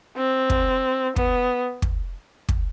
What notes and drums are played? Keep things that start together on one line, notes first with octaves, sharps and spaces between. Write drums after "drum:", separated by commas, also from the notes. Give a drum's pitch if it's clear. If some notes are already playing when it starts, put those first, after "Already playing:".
C4
drum: kick
B3, drum: kick
drum: kick
drum: kick